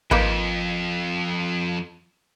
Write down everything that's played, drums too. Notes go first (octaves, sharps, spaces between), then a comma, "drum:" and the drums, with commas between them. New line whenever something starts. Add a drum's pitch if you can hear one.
F2 A#3 D#4 B4, drum: kick G#1